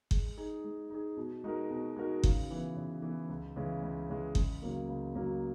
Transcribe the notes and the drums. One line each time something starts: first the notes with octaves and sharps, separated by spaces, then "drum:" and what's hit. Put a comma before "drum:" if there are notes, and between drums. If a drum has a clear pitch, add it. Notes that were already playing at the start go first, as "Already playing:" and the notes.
G#3, drum: kick G1
D#4 G#4
G#3
D#4 G#4
B2
G#3 D#4 F#4 A#4
B2
G#3 D#4 F#4 A#4
C#3, drum: kick G1
E3 B3
C#3
E3 B3
C#2
C#3 E3 G#3
C#2
C#3 E3 G#3
C#2, drum: kick G1
C#3 F#3 A#3
C#2
C#3 F#3 A#3